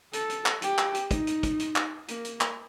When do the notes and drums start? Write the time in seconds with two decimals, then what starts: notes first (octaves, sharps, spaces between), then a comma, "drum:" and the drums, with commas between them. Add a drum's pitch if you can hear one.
0.13 A4, drum: hi-hat
0.30 drum: hi-hat
0.46 drum: clap
0.62 G4, drum: hi-hat
0.78 drum: clap
0.95 drum: hi-hat
1.11 D#4, drum: kick, hi-hat
1.27 drum: hi-hat
1.43 drum: kick, hi-hat
1.60 drum: hi-hat
1.76 drum: clap
2.08 A#3, drum: hi-hat
2.25 drum: hi-hat
2.41 drum: clap